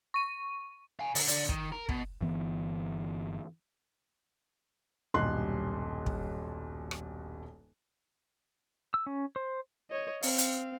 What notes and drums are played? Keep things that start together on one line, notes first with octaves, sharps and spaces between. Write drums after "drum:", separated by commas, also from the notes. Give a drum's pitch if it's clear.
C#6 D#7
F5 G#5
D3, drum: open hi-hat
D3 D4, drum: hi-hat
D#3, drum: kick
A#4
B2, drum: kick
G1 E3 B3
D#1 B1 G2 C6 F#6
drum: kick
drum: rim click
E6
C#4
C5
C#5 D#5
C4 F5, drum: open hi-hat
drum: hi-hat